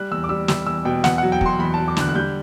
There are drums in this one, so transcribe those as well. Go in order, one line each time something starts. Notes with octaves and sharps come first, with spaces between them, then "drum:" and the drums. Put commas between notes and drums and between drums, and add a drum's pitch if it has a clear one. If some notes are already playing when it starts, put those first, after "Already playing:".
Already playing: G3 F#6
E2 E6
D6
G3 E6
G3 E6, drum: snare
E2 E6
B2 G5
E2 F#5, drum: snare
F#3 F#5
G5
F#3 C6, drum: kick
E2 B5
F#3 A5
D6
D3 F#6, drum: snare
F#6
G3 G6